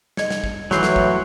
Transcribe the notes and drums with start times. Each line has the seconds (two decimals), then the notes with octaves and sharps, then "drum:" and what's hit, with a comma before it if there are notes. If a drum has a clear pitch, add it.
0.17 D#5 G#6 C#7, drum: snare
0.30 drum: snare
0.44 drum: kick
0.71 A2 E3 F#3 C6 G6 C7, drum: snare
0.83 drum: snare
0.96 drum: kick